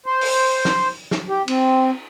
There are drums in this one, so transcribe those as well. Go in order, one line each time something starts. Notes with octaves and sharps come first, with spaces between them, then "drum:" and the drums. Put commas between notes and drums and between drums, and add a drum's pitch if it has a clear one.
C5
drum: open hi-hat
drum: snare
drum: snare
G4
C4, drum: cymbal